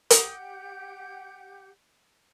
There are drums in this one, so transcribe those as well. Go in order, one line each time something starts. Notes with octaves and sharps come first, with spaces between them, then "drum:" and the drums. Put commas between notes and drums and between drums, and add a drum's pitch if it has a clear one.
G4 F#5 G6, drum: hi-hat